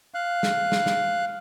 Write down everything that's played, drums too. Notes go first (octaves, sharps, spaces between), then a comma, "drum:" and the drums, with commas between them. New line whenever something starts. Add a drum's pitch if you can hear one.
F5 F#6
drum: snare
drum: snare
drum: snare